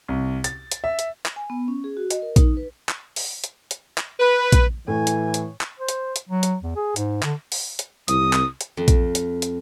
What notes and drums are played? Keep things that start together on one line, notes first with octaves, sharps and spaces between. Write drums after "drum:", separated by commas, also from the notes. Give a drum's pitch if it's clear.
C2
A6, drum: hi-hat
drum: hi-hat
E5
drum: hi-hat
drum: clap
G#5
B3
C#4
G#4
F#4
D#5, drum: hi-hat
A#4
D#4, drum: kick A#1, hi-hat
B4
drum: clap
drum: open hi-hat
drum: hi-hat
drum: hi-hat
drum: clap
B4
drum: kick A#1, hi-hat
A2 E3 G#5
drum: hi-hat
drum: hi-hat
drum: clap
C5
drum: hi-hat
drum: hi-hat
F#3
drum: hi-hat
E2
G#4
G#2, drum: hi-hat
D3, drum: clap
drum: open hi-hat
drum: hi-hat
C2 D#6, drum: hi-hat
drum: clap
drum: hi-hat
F2
drum: kick A#1, hi-hat
drum: hi-hat
drum: hi-hat